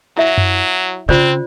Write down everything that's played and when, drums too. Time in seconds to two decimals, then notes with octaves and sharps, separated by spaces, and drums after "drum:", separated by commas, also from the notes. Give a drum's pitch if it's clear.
0.18 F#3 E4 E5
0.38 drum: tom F#2
1.09 C#3 C4 F4 C5 D5